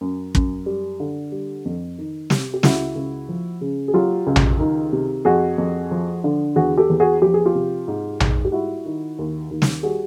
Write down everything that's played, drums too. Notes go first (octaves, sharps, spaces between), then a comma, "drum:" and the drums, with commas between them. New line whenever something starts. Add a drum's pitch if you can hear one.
F#2
F#2, drum: kick
G3
D3
G3
F2
D#3
C3, drum: snare
G4
C#2 E4 F#4, drum: snare
C#2
F3
C#3
G#4
F#3 F4 G4
C#2
drum: tom A#1
D#3
C3
F2 F#4 G#4
F2
F3
D3
E2 F#4 G#4
G4 A4
E2
F#4 G#4
F3 G4
G#4
F4 G4
C3
G#2
G#2, drum: tom A#1
G4
G3 E4 F#4
D#3
D#2
D#2
drum: snare
G3 F#4 G#4